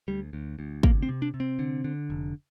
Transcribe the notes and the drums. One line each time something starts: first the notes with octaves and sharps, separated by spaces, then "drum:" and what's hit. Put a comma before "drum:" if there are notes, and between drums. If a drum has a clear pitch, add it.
D2 G3
D2
D2
C3 A#3, drum: kick
C4
C3
D4
C3
C4
D3
D3
F1